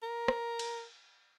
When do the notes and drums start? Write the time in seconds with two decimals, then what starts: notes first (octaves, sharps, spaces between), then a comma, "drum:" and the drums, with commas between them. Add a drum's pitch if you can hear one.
0.02 A#4
0.28 drum: rim click
0.59 drum: cymbal